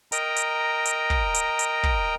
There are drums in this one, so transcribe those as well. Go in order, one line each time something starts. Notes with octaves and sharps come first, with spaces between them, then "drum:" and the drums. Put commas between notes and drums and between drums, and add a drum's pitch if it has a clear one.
A#4 D#5 G5 A#5, drum: hi-hat
drum: hi-hat
drum: hi-hat
drum: kick
drum: hi-hat
drum: hi-hat
drum: kick